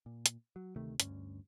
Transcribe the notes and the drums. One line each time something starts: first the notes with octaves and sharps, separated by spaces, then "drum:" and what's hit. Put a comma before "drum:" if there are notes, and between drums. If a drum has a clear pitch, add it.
A#2
drum: hi-hat
F#3
D2 C3 D#3 A3
D2 G2 C#4, drum: hi-hat